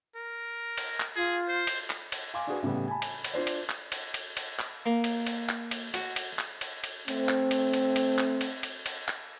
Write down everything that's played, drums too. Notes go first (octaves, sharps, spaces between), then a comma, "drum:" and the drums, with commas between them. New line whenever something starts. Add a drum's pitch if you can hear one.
A#4
drum: cymbal
drum: clap
F4 G#4
C5
drum: cymbal
drum: clap
drum: cymbal
F5 G#5 C6 D6
D4 F#4 G#4 B4
A2 C#3 G3 B3
G#5 A5 B5
drum: cymbal
drum: cymbal
D4 F4 C5 D5
drum: cymbal
drum: clap
drum: cymbal
drum: cymbal
drum: cymbal
drum: clap
A#3
drum: cymbal
drum: cymbal
drum: clap
drum: cymbal
F#4, drum: cymbal
drum: cymbal
drum: clap
drum: cymbal
drum: cymbal
A3 C4, drum: cymbal
drum: clap
drum: cymbal
drum: cymbal
drum: cymbal
drum: clap
drum: cymbal
drum: cymbal
drum: cymbal
drum: clap